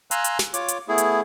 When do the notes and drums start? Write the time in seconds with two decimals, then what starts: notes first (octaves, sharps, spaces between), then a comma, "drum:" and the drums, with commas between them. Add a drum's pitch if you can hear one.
0.11 F5 G#5 A#5 C6 E6 F#6, drum: hi-hat
0.24 drum: hi-hat
0.39 drum: snare
0.54 F4 C#5 D6, drum: hi-hat
0.68 drum: hi-hat
0.88 A3 B3 E4 G#4
0.98 drum: hi-hat